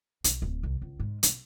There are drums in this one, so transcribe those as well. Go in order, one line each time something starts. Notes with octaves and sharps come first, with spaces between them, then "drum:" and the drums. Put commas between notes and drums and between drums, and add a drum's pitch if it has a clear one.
B1, drum: hi-hat
D1
C2
C#2
G#2
B1, drum: hi-hat